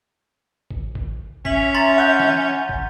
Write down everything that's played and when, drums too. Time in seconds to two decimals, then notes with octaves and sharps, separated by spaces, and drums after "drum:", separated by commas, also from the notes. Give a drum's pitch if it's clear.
0.71 drum: kick
0.95 drum: kick
1.45 C#4 E5 B6 F#7, drum: kick
1.74 A#5 C6 A6
1.98 F#5 G6
2.20 drum: snare
2.69 drum: kick